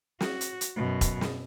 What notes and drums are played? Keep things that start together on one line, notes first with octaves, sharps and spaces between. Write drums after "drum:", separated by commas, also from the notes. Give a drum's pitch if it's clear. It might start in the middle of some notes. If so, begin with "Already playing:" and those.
F#4, drum: snare
drum: hi-hat
drum: hi-hat
F#2 B2
drum: kick E1, hi-hat
drum: snare